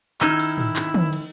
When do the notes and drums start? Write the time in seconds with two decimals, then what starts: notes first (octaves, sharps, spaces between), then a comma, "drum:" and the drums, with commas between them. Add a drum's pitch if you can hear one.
0.21 D#3 D#4 E4 E6 F6 G#6, drum: clap
0.39 drum: cymbal
0.58 drum: tom
0.76 drum: clap
0.94 drum: tom
1.13 drum: cymbal